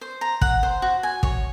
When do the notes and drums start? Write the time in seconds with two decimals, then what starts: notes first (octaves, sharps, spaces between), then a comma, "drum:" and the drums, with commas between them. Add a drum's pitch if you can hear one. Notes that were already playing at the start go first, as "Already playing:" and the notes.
0.01 C5
0.21 A#5
0.41 F#5, drum: kick
0.63 C5
0.82 F#4
1.03 G#5
1.23 C#5, drum: kick